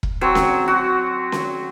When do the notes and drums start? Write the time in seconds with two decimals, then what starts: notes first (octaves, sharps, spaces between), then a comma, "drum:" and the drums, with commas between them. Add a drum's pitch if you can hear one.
0.03 drum: kick E1
0.21 F#3 C4 C#5
0.35 drum: snare C#4
0.68 F#4
1.32 drum: snare C#4